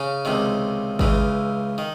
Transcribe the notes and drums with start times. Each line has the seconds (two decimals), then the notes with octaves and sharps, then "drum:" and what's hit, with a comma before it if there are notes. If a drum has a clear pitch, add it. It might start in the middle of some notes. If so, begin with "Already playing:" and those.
Already playing: C#3 C#4
0.25 C#2 C3 D#3
0.99 C#2 C#3 E3, drum: kick G#1
1.78 D#3